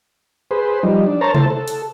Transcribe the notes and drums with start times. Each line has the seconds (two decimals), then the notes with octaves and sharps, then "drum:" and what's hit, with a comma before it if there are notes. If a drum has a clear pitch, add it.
0.51 G#4 B4 C5
0.83 F3 G3 D#4
1.06 D4
1.21 A#4 C5 C#5 A5 A#5
1.35 A3 E4 C5 A5, drum: tom C3
1.50 A4
1.68 drum: hi-hat